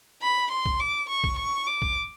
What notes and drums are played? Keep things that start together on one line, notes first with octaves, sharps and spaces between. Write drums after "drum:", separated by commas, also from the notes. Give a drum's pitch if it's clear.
B5
C6
drum: kick B1
D6
C#6
drum: kick B1
C#6
D6
drum: kick B1